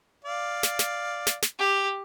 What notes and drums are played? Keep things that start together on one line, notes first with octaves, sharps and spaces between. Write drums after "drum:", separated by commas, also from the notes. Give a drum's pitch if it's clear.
D5 F5
drum: snare
drum: snare
drum: snare
drum: snare
G4